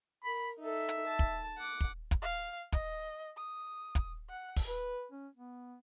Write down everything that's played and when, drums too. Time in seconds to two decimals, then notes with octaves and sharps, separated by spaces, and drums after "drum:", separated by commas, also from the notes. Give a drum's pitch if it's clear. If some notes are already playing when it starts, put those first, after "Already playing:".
0.24 A#4 B5
0.59 D#4 A4 E5
0.89 drum: hi-hat
1.07 A5
1.19 drum: kick
1.58 F#5 D6
1.81 drum: kick
2.11 drum: kick, hi-hat
2.22 F5
2.72 D#5, drum: kick, hi-hat
3.37 D#6
3.95 drum: kick, hi-hat
4.30 F#5
4.56 drum: kick, open hi-hat
4.66 B4
5.12 C#4
5.36 B3